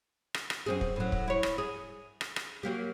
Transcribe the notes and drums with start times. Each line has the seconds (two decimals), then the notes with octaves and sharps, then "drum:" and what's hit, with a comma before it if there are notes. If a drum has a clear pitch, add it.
0.34 drum: rim click
0.50 drum: rim click
0.66 F#2 C4 G#4
0.81 drum: kick
0.96 A2 F#3
1.12 drum: kick
1.28 E4 C#5
1.43 drum: rim click
1.58 G#4
2.21 drum: rim click
2.36 drum: rim click
2.63 F#3 A#3 G4